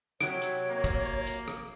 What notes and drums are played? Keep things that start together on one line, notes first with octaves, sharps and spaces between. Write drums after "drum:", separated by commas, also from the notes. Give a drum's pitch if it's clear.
C3 F#3 C#5 D7, drum: rim click
drum: hi-hat
A#3
drum: kick, hi-hat
drum: hi-hat
drum: hi-hat
drum: rim click